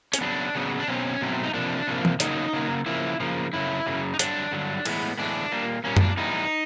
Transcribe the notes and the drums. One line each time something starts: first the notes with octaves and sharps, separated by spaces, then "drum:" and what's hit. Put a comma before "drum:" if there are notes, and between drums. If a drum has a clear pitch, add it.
C#4, drum: hi-hat
C#3 F#3 B3 D4
C#3 F#3 B3
D4
B2 F#3 A3 C4 C#4
B2 F#3 A3 C4
D#4
C3 F3 A#3 D4
C3 F3 A#3
drum: tom E3
C#3 F#3 A#3 D#4, drum: hi-hat
C#3 F#3 A#3
C#3 F3 A#3 E4
C#3 F3 A#3
F#2 C#3 F#3 E4
F#2 C#3 F#3
D#4
G2 D3 F#3 D4, drum: hi-hat
G2 D3 F#3
A2 E3 G#3 B3, drum: cymbal
A2 E3 G#3 B3 D4
A#2 G3 A#3
A#2 G3 A#3 C#4
D#4, drum: tom F#2
D4
A2 E3 G3 B3 D#4